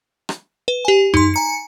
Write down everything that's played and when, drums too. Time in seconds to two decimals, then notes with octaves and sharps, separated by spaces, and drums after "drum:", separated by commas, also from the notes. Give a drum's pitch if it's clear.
0.29 drum: rim click
0.68 B4
0.85 G4 G#5
1.14 D#4 C6, drum: tom F#2
1.34 G#5 A#5 C#7